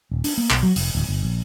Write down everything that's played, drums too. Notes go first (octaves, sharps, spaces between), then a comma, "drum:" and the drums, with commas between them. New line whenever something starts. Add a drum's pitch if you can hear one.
D#1
D4, drum: open hi-hat
A#3
B1, drum: clap
F#3
F1, drum: open hi-hat
D1
G1
A#1